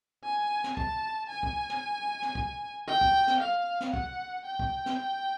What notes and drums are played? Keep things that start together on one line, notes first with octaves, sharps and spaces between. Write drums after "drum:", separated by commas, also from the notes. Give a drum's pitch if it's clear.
G#5
drum: snare
A5, drum: kick
G#5
drum: kick
drum: snare
drum: snare
drum: kick
G5
drum: kick
drum: snare
F5
drum: snare
F#5, drum: kick
G5
drum: kick
drum: snare